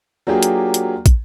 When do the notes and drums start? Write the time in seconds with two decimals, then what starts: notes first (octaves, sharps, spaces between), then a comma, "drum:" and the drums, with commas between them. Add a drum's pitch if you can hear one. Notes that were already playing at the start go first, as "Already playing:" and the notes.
0.27 F#3 A#3 D4 F4 G4 G#4
0.43 drum: hi-hat
0.74 drum: hi-hat
1.06 drum: kick, hi-hat